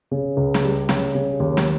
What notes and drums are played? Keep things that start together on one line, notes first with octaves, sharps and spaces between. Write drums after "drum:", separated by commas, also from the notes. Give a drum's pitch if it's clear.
C#3
C#2
drum: snare
G3
C#3, drum: snare
C#3
D#2
drum: snare